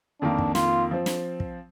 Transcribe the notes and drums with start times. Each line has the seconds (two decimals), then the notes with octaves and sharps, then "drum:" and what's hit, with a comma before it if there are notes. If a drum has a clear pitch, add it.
0.21 F2 D#3 A#3 D4
0.39 drum: kick
0.55 F4, drum: snare
0.91 F3 C4
1.06 drum: snare
1.40 drum: kick